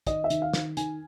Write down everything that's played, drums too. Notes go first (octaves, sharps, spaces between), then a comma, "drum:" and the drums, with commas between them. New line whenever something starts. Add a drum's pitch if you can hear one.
D#3 D#5, drum: kick, hi-hat
E5
D#3, drum: hi-hat
F5
D#3, drum: snare
D#3 G#5, drum: hi-hat